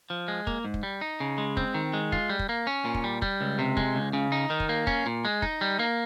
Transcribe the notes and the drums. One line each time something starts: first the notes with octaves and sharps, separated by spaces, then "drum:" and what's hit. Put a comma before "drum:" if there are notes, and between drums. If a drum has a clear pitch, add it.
F3
G#3
A#3, drum: kick
G#2
drum: kick
G3
D#4
C#3
G#3
C4, drum: kick
D#3
G#3
F4, drum: kick
G3
drum: kick
A#3
C#4
A#2
drum: kick
G3
G3, drum: kick
C#2
C3
G#3, drum: kick
C#2
C#3
D#4
D#3
drum: kick
A#3
C#4, drum: kick
A#2
G#3
D#4, drum: kick
G3
A#3